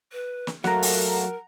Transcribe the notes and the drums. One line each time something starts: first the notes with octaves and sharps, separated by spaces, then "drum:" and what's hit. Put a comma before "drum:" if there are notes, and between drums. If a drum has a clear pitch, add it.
B4
drum: snare
F#3 A3 A#3 A4 A#4 F#5 A#5, drum: snare
drum: open hi-hat